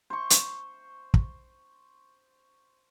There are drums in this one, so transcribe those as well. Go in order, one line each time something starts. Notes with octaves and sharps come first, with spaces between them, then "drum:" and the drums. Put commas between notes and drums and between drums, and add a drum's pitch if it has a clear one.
C5 C#6
drum: hi-hat
drum: kick